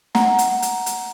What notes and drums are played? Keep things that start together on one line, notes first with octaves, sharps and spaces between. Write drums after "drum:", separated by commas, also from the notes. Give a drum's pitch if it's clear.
F#5 A#5, drum: snare
drum: hi-hat
drum: hi-hat
drum: hi-hat